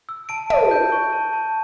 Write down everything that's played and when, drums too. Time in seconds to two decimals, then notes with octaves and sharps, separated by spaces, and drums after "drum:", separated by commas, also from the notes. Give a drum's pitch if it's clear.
0.09 E6
0.29 A5 D7
0.50 A5, drum: tom
0.71 G6 D7
0.92 C#6
1.12 A5
1.33 A5